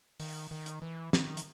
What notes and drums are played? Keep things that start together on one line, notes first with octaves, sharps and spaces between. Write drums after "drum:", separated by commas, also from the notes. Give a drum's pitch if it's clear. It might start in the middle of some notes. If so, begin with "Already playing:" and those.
D#3, drum: open hi-hat
D#3
drum: hi-hat
E3
D#3, drum: snare
drum: hi-hat